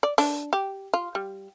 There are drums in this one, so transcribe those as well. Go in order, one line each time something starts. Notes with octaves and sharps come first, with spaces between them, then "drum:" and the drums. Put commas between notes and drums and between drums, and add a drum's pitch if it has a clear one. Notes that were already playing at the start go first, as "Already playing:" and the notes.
D5
D4, drum: open hi-hat
G4
F4
G3